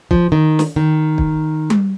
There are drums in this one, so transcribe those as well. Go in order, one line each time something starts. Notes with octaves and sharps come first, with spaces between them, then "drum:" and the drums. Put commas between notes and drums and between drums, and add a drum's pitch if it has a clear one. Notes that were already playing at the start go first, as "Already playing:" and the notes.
F3, drum: kick
D#3
drum: snare
D#3
drum: kick
drum: tom G3